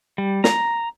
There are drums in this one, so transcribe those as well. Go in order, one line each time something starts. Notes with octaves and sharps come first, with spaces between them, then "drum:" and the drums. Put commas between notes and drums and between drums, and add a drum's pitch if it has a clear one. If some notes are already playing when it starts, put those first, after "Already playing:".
G3
A#5, drum: snare